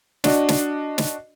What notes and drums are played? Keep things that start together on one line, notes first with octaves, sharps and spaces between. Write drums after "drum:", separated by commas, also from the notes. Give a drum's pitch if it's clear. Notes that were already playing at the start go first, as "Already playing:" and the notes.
D4 F#4 D5 D#5, drum: snare
drum: snare
drum: snare